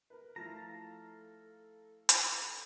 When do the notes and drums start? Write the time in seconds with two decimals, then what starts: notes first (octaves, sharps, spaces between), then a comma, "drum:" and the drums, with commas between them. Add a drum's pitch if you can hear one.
0.10 A#4 B4
0.36 F3 A3 E4 A4 F5 A5 A#5
2.09 drum: hi-hat